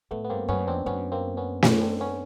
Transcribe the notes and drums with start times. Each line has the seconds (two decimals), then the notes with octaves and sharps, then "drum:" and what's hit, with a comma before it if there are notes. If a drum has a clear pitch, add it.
0.11 A2 A3 B3
0.24 B3
0.30 G2 A#3 C4
0.48 F#2 B3 C#4
0.67 F2 C4 D4
0.86 F#2 B3 C#4
1.12 A#3 C4
1.37 B3 C#4
1.62 B3 C#4, drum: snare
1.81 C4 D4
2.00 B3 C#4